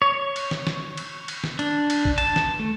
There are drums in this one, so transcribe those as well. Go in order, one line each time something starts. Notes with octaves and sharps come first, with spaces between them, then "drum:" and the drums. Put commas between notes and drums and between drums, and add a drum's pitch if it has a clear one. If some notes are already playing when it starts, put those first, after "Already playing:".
C#5
drum: cymbal
drum: snare
drum: snare
drum: cymbal
drum: cymbal
drum: snare
D4, drum: cymbal
drum: cymbal
drum: kick
A5, drum: cymbal
drum: snare
A3